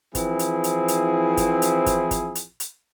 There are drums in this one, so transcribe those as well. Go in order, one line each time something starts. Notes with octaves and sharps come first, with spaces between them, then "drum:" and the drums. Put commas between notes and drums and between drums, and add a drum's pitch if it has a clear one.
E3 F3 C4 E4 G#4, drum: kick G1, hi-hat
drum: hi-hat
drum: hi-hat
drum: hi-hat
drum: kick G1, hi-hat
drum: hi-hat
drum: kick G1, hi-hat
drum: kick G1, hi-hat
drum: hi-hat
drum: hi-hat